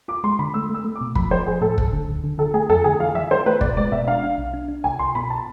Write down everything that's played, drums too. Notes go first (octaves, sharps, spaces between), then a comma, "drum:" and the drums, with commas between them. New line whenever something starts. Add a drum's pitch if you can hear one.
F4 D6
G#3 C6
D3 B5
A3 E6
A3 E6
A3
D6
B2
F3 B5, drum: kick
F3 C5
F3 G#4
A2 A4
D2, drum: kick
D3
D2
D3
D3 A4
A3 G#4
F2 A4
D3 G#4
E3 F5
E3 E5
E3 C5
A3 B4
B2 D5, drum: kick
G#3 D5
B2 E5
D4 F5
D4
B1
D4
D4
C2 G#5
C2 C6
B2 B5
A5